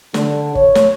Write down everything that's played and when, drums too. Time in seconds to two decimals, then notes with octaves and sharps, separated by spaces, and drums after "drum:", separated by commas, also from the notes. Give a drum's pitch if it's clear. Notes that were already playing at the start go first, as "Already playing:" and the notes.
0.14 D3, drum: snare
0.55 C#5, drum: kick
0.75 drum: snare